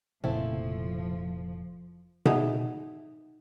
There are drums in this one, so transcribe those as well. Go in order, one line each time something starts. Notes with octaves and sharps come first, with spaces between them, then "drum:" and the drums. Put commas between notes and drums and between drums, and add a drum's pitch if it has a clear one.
F1 A#2 C#3 F3 A3 C4 E4
D#4 G#4 D#5 E5 F#5 D#6, drum: tom B2